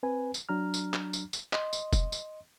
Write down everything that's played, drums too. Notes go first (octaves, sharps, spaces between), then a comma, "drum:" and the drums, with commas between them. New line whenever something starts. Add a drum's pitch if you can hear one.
C4 B4 G#5
drum: tambourine
F#3 D4 A#5 F6
drum: tambourine
drum: clap
drum: tambourine
drum: tambourine
D#5 C6, drum: clap
drum: tambourine
drum: kick F1, tambourine
drum: tambourine